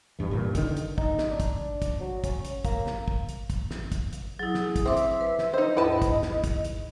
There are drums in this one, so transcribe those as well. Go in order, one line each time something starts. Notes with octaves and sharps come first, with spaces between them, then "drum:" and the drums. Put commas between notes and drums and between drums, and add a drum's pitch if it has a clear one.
E1 C2 G2 E3
G2 A#2 C#3
D3 D#3 C4 D4, drum: kick, hi-hat
drum: hi-hat
D#4, drum: kick
drum: snare
D4
drum: kick, hi-hat
drum: kick, hi-hat
F#3
C#4, drum: kick, hi-hat
drum: hi-hat
A#3, drum: kick, hi-hat
drum: snare
drum: kick
drum: hi-hat
drum: kick, hi-hat
drum: snare
drum: kick, hi-hat
drum: hi-hat
F#3 E4 G#4
drum: snare
drum: kick, hi-hat
C4 E5 C6 D6
drum: hi-hat
B4
drum: snare
D#4 C5 D#5
D#2 G#2 E4 B4 A5
drum: kick, hi-hat
drum: snare
drum: kick, hi-hat
drum: hi-hat